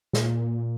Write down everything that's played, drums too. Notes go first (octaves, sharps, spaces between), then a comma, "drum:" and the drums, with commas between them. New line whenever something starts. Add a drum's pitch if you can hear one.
A#2, drum: snare